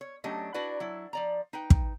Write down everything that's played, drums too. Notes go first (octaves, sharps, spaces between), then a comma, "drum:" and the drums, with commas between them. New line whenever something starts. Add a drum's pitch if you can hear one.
C#5
F#3 A3 C#4 D4 G4 D#5
D4 E4 F#4 B4 D5
F#3 E4
F3 D5 A#5
D#4 B4 G5
drum: kick